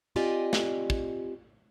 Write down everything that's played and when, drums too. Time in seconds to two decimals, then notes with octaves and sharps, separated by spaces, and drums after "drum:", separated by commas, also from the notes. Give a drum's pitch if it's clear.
0.16 C4 F4 G4 D5 D#5 G#5
0.53 drum: snare
0.90 drum: kick